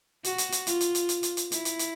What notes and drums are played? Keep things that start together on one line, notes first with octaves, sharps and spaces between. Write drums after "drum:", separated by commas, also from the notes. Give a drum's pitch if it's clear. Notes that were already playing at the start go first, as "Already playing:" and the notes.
F#4, drum: hi-hat
drum: hi-hat
drum: hi-hat
F4, drum: hi-hat
drum: hi-hat
drum: hi-hat
drum: hi-hat
drum: hi-hat
drum: hi-hat
E4, drum: hi-hat
drum: hi-hat
drum: hi-hat